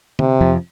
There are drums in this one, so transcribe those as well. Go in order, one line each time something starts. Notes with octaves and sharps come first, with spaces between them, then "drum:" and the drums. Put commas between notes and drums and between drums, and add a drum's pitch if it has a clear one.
C3, drum: tom
F2 F3